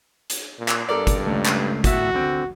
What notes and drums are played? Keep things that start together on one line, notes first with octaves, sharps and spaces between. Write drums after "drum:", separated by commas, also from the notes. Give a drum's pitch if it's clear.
drum: hi-hat
A#2
drum: clap
G2 A4 A#4 D5
drum: kick G1, hi-hat
C#2 A3
drum: clap
A2 B3 F#4 E5, drum: kick G1, hi-hat
D3 C4